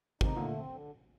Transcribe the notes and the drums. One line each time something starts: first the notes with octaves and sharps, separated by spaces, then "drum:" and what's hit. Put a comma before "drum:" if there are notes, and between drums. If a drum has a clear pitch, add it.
C3 D#3 D#4, drum: kick
A#2 D3 A3
C4
D3